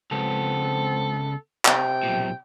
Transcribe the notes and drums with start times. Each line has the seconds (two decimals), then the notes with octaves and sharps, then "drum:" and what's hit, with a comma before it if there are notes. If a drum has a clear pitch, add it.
0.12 C#2 B3 C4 A4
1.65 C3 G5, drum: clap
2.03 B1 A#2